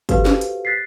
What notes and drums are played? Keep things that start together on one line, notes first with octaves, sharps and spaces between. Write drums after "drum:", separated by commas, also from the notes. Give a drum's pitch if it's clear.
F#4 G4 A4 B4 C5 F5, drum: kick, hi-hat
drum: snare
drum: hi-hat
F#6 A6 B6 C7